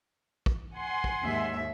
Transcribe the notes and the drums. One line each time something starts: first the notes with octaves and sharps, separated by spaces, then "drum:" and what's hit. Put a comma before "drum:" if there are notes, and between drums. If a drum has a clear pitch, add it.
drum: kick
F#5 G#5 C6
drum: kick
D#2 G#2 E5